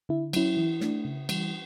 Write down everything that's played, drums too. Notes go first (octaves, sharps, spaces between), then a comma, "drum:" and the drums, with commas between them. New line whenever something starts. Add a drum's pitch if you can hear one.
D3 E4
F#3 C#4 E4, drum: cymbal
E3
A3 D4, drum: snare
C#3
E3 G3, drum: cymbal